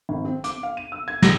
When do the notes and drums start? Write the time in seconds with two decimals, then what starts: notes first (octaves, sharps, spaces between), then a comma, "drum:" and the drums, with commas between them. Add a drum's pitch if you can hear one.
0.09 G#1
0.25 C4
0.44 D6, drum: hi-hat
0.63 F5
0.77 D#7
0.92 E6
1.08 G#6
1.22 A#6, drum: snare